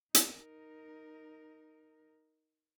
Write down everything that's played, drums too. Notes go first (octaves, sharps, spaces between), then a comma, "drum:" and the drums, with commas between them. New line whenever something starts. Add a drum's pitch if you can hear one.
D#4 A#4, drum: hi-hat